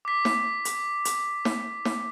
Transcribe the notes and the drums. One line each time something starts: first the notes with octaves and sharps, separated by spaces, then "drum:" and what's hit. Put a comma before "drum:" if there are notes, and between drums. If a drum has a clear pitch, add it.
D6 B6
drum: snare
drum: hi-hat
drum: hi-hat
drum: snare
drum: snare